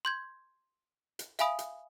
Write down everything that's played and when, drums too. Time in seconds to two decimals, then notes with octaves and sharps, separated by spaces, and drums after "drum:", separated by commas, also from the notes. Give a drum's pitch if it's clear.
0.05 C6 G6 G#6
1.19 drum: hi-hat
1.39 E5 F5 G#5 B5 D#6, drum: hi-hat
1.59 drum: hi-hat